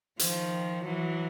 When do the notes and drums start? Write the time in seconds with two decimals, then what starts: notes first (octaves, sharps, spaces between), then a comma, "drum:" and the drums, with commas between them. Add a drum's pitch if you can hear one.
0.19 D#3 F3, drum: hi-hat
0.85 E3 F#3